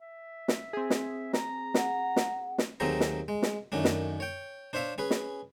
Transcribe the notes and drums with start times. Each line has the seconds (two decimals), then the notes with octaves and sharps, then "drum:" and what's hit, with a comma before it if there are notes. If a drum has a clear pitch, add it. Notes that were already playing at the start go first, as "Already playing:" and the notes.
0.01 E5
0.48 drum: snare
0.73 C4 G#4
0.90 drum: snare
1.33 A#5, drum: snare
1.74 F#5, drum: snare
2.16 drum: snare
2.58 drum: snare
2.80 D#2 F#3 A3 C4 G#4 A#5
3.00 drum: snare
3.28 G#3
3.42 drum: snare
3.72 F#2 D#3 A3 C#4 D4
3.84 drum: snare
4.20 C#5 G5
4.73 D4 C5 C#5 E5 F5
4.98 C#4 G#4 B4
5.10 drum: snare